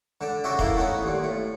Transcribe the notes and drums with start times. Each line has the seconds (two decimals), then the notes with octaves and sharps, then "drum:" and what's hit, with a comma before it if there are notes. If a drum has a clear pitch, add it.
0.21 D3 D4
0.44 C#3 D4 F#4 E5 G5
0.59 A#3 E4 A4 F5, drum: kick D#1
0.77 A3 B3 C#4 D#4
1.03 D#2 A#2
1.24 A2